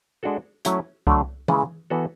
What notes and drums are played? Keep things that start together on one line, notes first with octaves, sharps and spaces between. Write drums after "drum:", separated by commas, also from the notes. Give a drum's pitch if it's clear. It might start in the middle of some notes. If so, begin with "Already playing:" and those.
G#3 D4 F#4 A4
F#3 A3 C#4 E4, drum: hi-hat
D3 F#3 A3 D4, drum: kick C2
C#3 E3 G#3, drum: tom E3
E3 B3 F#4 A4